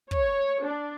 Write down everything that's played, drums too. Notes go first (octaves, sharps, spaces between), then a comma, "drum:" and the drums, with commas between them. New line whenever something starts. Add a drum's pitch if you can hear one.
C#5, drum: kick
D4